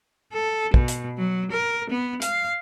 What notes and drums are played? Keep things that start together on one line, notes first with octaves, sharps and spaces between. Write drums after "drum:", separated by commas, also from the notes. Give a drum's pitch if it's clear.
A4
B2, drum: kick
drum: hi-hat
F#3
A#4
B3
F5, drum: hi-hat